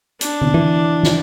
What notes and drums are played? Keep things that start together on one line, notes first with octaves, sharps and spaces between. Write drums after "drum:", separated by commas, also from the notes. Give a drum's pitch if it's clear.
D4, drum: hi-hat
drum: tom D3
E3
drum: snare